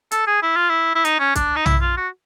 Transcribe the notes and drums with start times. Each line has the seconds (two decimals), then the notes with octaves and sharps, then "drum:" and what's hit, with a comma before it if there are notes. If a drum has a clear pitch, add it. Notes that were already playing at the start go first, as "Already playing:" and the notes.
0.11 A4, drum: hi-hat
0.27 G#4
0.42 E4
0.56 F4
0.70 E4
0.95 E4
1.05 D#4, drum: hi-hat
1.20 C#4
1.35 D4, drum: kick C2, hi-hat
1.56 D#4
1.66 E4, drum: tom
1.82 F4
1.97 F#4